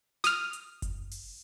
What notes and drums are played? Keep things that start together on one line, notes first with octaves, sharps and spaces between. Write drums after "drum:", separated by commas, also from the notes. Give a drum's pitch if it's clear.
D#6 F6, drum: snare
drum: hi-hat
drum: kick F#1, hi-hat
drum: open hi-hat